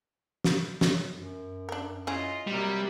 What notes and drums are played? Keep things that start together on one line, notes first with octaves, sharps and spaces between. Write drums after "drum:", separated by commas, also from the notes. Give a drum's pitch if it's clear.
drum: snare
C#5, drum: snare
F#2
D4 A#4
C#4 E4 F4 G#4 D#5
C3 F#3 G3 A#3